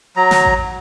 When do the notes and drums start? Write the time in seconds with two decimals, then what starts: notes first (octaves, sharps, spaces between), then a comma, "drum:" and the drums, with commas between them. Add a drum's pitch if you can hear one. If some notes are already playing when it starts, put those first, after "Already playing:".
0.17 F#3 A#5
0.31 drum: snare
0.45 drum: kick A1